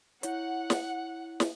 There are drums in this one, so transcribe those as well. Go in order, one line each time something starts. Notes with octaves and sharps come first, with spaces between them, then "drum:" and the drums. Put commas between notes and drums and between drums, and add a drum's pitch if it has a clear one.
E4 C#5 F#5, drum: hi-hat
drum: snare
drum: snare